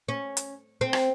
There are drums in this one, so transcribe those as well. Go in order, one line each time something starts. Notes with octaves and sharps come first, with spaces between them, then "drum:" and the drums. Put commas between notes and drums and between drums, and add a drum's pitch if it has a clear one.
C#4
drum: hi-hat
C4
drum: rim click